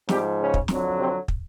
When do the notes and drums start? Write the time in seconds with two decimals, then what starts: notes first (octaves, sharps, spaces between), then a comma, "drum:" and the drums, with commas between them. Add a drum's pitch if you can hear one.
0.09 G#2 F3 G3 G4, drum: snare
0.39 C#3 C#4
0.54 drum: kick
0.68 F2 D3 F#3, drum: snare
0.98 C3 C4
1.28 drum: kick